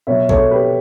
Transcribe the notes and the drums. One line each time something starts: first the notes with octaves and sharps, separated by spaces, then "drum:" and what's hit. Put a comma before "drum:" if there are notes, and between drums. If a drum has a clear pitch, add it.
B2 F#3 C#5 E5
A4 C#5, drum: kick A#1
G4 B4